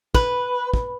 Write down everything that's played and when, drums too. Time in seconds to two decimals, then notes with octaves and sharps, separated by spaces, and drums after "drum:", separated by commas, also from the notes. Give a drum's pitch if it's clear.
0.14 B4, drum: kick
0.74 drum: kick